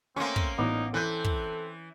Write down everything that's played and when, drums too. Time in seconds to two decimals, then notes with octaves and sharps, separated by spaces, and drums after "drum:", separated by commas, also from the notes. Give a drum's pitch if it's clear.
0.16 A3 A#3 C4 C#4 C6
0.36 drum: kick
0.58 A1 A#2 B3 D#4 D6
0.94 E3 C4 A4 F#6 G6
1.24 drum: kick